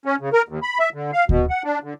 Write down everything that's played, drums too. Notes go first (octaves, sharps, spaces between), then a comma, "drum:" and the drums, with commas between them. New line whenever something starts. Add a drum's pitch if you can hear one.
C#4
C#3
A#4
D#2
B5
E5
D3
F5
B2, drum: kick D2
F#5
D4
D3